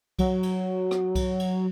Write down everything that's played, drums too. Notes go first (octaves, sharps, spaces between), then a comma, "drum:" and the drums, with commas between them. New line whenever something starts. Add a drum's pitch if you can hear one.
F#3, drum: kick C2, cymbal
drum: cymbal
drum: rim click
drum: kick C2, cymbal
drum: cymbal